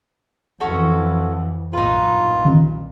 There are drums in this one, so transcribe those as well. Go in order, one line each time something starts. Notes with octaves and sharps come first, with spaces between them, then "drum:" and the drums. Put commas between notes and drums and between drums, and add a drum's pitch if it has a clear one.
F2 E3 C#4 F#4 A4
B1 G2 A#2 D#4 F4 B4
drum: tom D#3